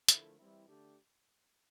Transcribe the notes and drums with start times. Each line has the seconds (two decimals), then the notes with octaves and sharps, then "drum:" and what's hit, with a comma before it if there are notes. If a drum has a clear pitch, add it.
0.08 D3 F3 A3 E4 A#4, drum: hi-hat
0.38 E3 G3 C4 E4
0.67 D3 A3 D4 G4